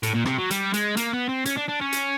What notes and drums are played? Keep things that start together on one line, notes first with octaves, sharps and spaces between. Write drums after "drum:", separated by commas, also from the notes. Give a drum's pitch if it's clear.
A2, drum: hi-hat
A#2
C3, drum: rim click
F#3
G3, drum: hi-hat
G#3, drum: hi-hat
A#3, drum: hi-hat
B3
C4
C#4, drum: hi-hat
D4
D4
C#4
drum: hi-hat